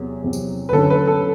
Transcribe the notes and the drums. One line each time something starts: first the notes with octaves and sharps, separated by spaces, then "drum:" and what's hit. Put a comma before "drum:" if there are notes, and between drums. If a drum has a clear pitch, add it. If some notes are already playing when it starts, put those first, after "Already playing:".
Already playing: E2 C3 F#3
E2 C3 F#3
drum: tambourine
B4
F#2 D3 F#3 A4, drum: tom D3
B4
A4